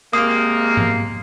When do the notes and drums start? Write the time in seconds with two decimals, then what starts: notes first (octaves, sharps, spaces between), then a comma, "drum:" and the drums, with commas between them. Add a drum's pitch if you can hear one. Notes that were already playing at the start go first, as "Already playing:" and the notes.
0.13 C3 G#3 A#3 D#6
0.77 drum: tom G#2